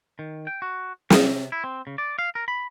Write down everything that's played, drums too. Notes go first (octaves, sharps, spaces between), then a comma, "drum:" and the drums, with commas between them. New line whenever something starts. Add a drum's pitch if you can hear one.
D#3
G5
F#4
C3, drum: snare
E4
C4
C#3
D5
F5
A#4
B5